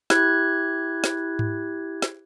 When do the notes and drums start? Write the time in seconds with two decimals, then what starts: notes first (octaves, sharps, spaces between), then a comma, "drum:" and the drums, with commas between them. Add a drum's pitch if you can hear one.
0.10 E4 G4 F#6 G#6, drum: snare
1.04 drum: snare
1.39 drum: tom G#2
2.02 drum: snare